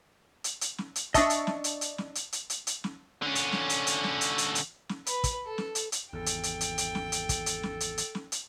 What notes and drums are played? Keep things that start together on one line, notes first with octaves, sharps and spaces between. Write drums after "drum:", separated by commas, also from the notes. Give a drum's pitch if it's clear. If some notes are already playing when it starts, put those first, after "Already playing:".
drum: hi-hat
drum: hi-hat
drum: snare
drum: hi-hat
D4 D#5 E5 A5 C#6, drum: kick, hi-hat
drum: hi-hat
drum: snare
drum: hi-hat
drum: hi-hat
drum: snare
drum: hi-hat
drum: hi-hat
drum: hi-hat
drum: hi-hat
drum: snare
D3 C#4
drum: hi-hat
drum: snare
drum: hi-hat
drum: hi-hat
drum: snare
drum: hi-hat
drum: hi-hat
drum: hi-hat
drum: snare
B4, drum: hi-hat
drum: kick, hi-hat
A4
drum: snare
drum: hi-hat
drum: hi-hat
G#1 E2 A4 G5
drum: hi-hat
drum: hi-hat
drum: hi-hat
drum: hi-hat
drum: snare
drum: hi-hat
drum: kick, hi-hat
drum: hi-hat
drum: snare
drum: hi-hat
drum: hi-hat
drum: snare
drum: hi-hat